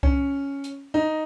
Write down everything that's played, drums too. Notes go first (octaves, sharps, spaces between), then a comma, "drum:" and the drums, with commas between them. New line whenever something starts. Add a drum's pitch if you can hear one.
C#4, drum: kick C2
drum: hi-hat
D#4